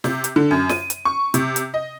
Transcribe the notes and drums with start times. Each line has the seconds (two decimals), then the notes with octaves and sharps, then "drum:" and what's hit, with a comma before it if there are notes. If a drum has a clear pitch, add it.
0.04 C3, drum: snare
0.24 drum: hi-hat
0.36 D3
0.51 F#2
0.69 D#7, drum: snare
0.90 drum: hi-hat
1.05 C#6
1.34 C3, drum: hi-hat
1.56 drum: hi-hat
1.74 D#5